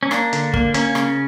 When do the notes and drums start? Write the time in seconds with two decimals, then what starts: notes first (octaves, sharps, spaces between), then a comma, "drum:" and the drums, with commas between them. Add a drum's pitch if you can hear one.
0.03 C#4
0.11 A#3 D4, drum: rim click
0.33 D3, drum: hi-hat
0.54 A#3, drum: kick
0.74 A#3 C#4, drum: hi-hat
0.95 C#3, drum: rim click